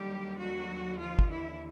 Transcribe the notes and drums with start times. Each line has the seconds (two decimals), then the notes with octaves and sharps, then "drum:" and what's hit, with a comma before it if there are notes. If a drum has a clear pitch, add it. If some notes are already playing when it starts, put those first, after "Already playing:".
Already playing: D#2 D3 F#3 G3 G4
0.37 F#3 F#4
0.98 F3 F4
1.19 drum: kick
1.29 E3 E4